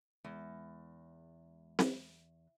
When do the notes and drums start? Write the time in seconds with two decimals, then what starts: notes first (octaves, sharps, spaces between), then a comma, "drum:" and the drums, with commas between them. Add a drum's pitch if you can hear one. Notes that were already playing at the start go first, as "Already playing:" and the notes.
0.24 E2 G#3
1.79 drum: snare C4